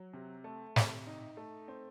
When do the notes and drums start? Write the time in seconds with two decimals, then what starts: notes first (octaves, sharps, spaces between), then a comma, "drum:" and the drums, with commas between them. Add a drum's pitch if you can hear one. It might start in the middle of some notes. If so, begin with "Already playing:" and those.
Already playing: F#3
0.13 C3
0.44 A3
0.76 C3, drum: snare
1.07 D#4
1.37 A3
1.68 C4